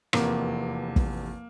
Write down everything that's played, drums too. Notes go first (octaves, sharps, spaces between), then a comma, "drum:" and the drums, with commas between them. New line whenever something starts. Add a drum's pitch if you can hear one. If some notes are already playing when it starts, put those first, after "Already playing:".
F1 E2 C3 A#3, drum: rim click
drum: kick